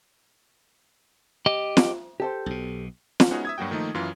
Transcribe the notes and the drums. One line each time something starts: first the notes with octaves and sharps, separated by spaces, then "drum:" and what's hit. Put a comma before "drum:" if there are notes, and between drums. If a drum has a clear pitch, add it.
G4 D#5
drum: snare
G4 A4 C5
B1 B2
drum: snare
G#3 B3 C#4 D#4 F#4 G#4
E5 D#6 G#6
G2 F#3 A#3 F#4 G5
D#3 F3 A3 A#3 D#4
F#2 E3 F4